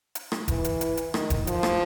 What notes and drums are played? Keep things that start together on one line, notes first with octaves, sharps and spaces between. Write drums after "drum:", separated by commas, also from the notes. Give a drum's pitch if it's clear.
drum: hi-hat
drum: rim click
E3, drum: kick E1, hi-hat
drum: hi-hat
drum: hi-hat
drum: hi-hat
D#3, drum: rim click
drum: kick E1, hi-hat
F3, drum: hi-hat
drum: rim click